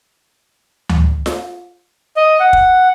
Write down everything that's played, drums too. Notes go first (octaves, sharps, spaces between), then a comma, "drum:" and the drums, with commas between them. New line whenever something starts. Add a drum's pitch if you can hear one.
drum: tom D2
drum: snare F4
D#5
F#5
drum: kick